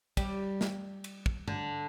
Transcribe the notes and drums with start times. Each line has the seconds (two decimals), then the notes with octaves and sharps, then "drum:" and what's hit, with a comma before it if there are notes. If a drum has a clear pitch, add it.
0.17 G3, drum: kick, cymbal
0.61 drum: snare
1.04 drum: cymbal
1.26 drum: kick
1.48 D3, drum: tom G2